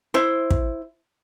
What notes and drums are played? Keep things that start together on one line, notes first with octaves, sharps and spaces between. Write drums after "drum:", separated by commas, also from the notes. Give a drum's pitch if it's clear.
E4 C5
drum: kick